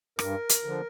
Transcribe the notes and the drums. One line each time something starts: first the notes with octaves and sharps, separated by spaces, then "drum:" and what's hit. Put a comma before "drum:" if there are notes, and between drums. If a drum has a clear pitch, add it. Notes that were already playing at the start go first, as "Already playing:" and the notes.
G2 A#4, drum: rim click
drum: hi-hat
D3 F3